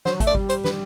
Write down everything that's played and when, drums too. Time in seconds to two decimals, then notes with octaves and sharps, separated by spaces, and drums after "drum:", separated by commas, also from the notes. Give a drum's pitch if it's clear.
0.05 F#3 C5, drum: snare
0.20 A3, drum: kick, hi-hat
0.27 D5
0.35 G3, drum: kick
0.49 C5, drum: hi-hat
0.64 B4, drum: snare